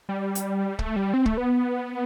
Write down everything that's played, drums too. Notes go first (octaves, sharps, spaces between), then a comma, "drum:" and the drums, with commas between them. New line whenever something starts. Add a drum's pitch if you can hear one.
G3
drum: hi-hat
A3, drum: kick
G3
C4
A3, drum: kick
B3